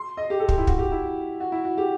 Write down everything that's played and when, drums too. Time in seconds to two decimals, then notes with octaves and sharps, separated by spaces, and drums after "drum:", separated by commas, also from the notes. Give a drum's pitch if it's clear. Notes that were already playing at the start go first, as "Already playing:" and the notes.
Already playing: C6
0.17 D#5
0.30 G4
0.40 A4
0.49 G4, drum: kick
0.58 E4
0.67 F#4, drum: kick
0.78 G4
0.92 E4
1.40 F#4
1.52 E4
1.65 F#4
1.78 G4